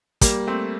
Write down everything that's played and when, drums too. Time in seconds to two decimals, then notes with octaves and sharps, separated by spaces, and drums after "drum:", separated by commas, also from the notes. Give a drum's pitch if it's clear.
0.21 G3 A#3, drum: kick, hi-hat
0.47 A3 C4